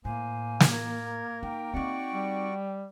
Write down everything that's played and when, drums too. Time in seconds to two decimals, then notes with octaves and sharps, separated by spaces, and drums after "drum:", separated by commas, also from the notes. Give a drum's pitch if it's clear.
0.05 A2 A#3 C5 G#5
0.60 drum: snare
0.72 A#4 G#6
1.43 D#4 G5
1.74 C4 D#4 F#4 D5 C#6
2.14 G3